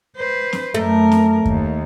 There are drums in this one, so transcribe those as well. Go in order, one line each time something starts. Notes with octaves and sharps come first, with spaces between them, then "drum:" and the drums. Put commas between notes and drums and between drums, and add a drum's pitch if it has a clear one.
B4 C5
drum: snare C4
F#2 A3 A#4
drum: snare C4
D#2, drum: kick F#2